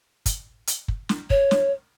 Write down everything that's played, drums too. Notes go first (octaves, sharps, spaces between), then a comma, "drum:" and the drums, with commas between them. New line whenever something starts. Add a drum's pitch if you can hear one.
drum: kick, hi-hat
drum: hi-hat
drum: kick
drum: snare
C#5, drum: kick
drum: snare